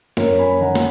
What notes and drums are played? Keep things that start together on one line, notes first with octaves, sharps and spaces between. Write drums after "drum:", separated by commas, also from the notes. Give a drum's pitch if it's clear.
F#2 A#4 C#5, drum: snare
G#5 B5
D#3 F#5 A#5
drum: snare